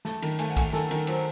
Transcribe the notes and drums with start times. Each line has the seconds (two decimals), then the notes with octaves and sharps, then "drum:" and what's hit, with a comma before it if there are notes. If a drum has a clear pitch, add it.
0.05 A3 A5, drum: snare
0.22 D#3, drum: cymbal
0.39 A3 G#5, drum: cymbal
0.49 F#5
0.57 A3 G#5, drum: kick, cymbal
0.73 D#3 A4, drum: snare
0.91 D#3, drum: cymbal
1.07 F#3 C5, drum: cymbal